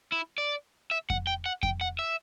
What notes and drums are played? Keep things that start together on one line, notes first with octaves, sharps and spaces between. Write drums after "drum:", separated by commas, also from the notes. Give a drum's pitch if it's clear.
E4
D5
E5
F#5, drum: kick F2
G5
F#5
G5, drum: kick F2
F#5
E5